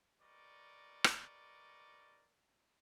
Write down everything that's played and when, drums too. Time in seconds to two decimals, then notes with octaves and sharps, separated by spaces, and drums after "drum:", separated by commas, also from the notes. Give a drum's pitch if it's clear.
0.20 G3 A#4 B4 D5 D#5 C#6
1.04 drum: rim click